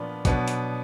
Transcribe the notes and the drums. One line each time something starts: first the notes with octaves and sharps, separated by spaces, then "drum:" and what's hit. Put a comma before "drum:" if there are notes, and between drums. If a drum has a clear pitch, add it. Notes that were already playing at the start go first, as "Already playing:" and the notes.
Already playing: A#2 F3 B3 D4
B2 F#3 B3 D4, drum: kick, hi-hat
drum: hi-hat